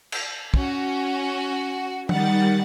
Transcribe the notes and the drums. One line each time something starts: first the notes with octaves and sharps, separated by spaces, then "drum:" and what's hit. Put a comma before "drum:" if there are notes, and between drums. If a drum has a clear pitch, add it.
drum: cymbal
C#4 F#4, drum: kick
D#3 G3 F#5 A6, drum: tom F3